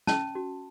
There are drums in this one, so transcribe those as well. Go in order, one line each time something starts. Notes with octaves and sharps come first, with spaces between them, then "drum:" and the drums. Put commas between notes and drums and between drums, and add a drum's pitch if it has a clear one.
C#4 A5, drum: snare
F#4